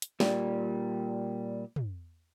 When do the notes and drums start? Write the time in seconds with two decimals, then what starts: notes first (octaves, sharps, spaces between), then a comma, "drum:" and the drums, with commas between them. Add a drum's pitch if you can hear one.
0.02 drum: hi-hat
0.20 A#2 G3, drum: snare
1.76 drum: tom